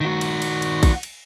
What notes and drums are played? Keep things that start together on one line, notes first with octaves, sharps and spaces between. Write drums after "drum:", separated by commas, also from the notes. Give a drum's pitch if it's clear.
D#3 F#4
drum: cymbal
drum: cymbal
drum: cymbal
drum: kick A#1, cymbal
drum: cymbal